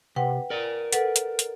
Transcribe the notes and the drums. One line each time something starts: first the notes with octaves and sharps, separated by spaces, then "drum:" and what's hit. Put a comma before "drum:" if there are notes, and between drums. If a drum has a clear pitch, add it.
C3 B4 F#5 G5
A#4 D5
A4 B4 F#5, drum: hi-hat
drum: hi-hat
drum: hi-hat